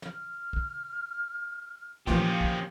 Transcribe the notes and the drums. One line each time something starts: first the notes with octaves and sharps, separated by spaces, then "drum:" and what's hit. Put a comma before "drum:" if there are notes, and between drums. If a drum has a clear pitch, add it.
F6, drum: snare
drum: kick
A#2 E3 F3 A3 C#4 F4 G4, drum: kick
drum: kick